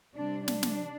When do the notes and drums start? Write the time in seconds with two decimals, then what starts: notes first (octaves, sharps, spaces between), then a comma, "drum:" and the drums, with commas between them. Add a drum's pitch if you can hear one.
0.16 C3 G3 C4 D4
0.48 D4, drum: snare
0.63 drum: snare